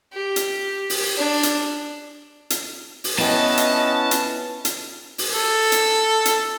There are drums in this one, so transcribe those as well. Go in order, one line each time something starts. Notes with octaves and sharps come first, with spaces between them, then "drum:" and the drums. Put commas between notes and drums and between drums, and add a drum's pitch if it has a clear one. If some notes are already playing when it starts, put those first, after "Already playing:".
G4
drum: hi-hat
drum: open hi-hat
D4
drum: hi-hat
drum: hi-hat
drum: open hi-hat
B3 C#4 E4 D#5 F#5 G5 A5
drum: hi-hat
drum: hi-hat
drum: hi-hat
drum: open hi-hat
A4
drum: hi-hat
drum: hi-hat